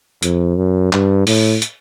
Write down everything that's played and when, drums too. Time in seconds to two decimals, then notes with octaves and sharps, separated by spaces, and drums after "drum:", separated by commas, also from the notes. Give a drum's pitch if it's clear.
0.22 F2, drum: hi-hat
0.57 F#2
0.93 G2, drum: clap
1.27 A2, drum: open hi-hat
1.62 drum: hi-hat